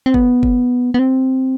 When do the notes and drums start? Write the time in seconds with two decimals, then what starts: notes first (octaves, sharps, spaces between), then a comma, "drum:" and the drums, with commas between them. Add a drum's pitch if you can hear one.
0.06 C4
0.14 B3, drum: kick F#1
0.43 drum: kick F#1
0.94 B3
0.99 C4